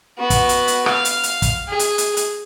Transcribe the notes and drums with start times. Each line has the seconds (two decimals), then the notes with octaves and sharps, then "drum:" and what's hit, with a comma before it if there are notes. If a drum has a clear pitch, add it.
0.19 B3 F#4
0.30 drum: kick, hi-hat
0.49 drum: hi-hat
0.68 drum: hi-hat
0.86 F5, drum: rim click
1.05 drum: hi-hat
1.23 drum: hi-hat
1.42 drum: kick, hi-hat
1.68 G#4
1.79 drum: hi-hat
1.98 drum: hi-hat
2.17 drum: hi-hat